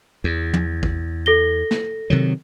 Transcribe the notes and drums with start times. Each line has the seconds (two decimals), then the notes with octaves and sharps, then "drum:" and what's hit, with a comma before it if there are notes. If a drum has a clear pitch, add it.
0.24 E2
0.54 drum: tom
0.83 drum: kick
1.26 A4 A#6 G7
1.71 drum: snare
2.10 C3 D#3 F#3